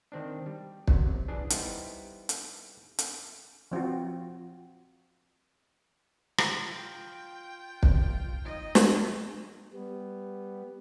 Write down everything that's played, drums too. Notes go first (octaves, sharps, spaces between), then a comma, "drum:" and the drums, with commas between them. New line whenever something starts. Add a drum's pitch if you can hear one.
D#3 C4 D4
G3
C3 F#3, drum: kick
E3 D4 G#4
G3 B3 D#4 E4 C5, drum: hi-hat
drum: hi-hat
drum: hi-hat
F3 C4 F4 F#4
drum: rim click
F4 G5
drum: kick
D#4 D#5
drum: snare
G3 B3